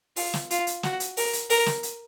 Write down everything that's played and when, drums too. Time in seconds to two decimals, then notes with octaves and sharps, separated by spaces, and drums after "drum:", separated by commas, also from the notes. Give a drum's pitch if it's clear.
0.16 F4, drum: open hi-hat
0.34 drum: snare
0.50 F4, drum: hi-hat
0.67 drum: hi-hat
0.83 F#4, drum: snare
1.00 drum: hi-hat
1.17 A#4, drum: open hi-hat
1.33 drum: hi-hat
1.50 A#4, drum: open hi-hat
1.66 drum: snare
1.83 drum: hi-hat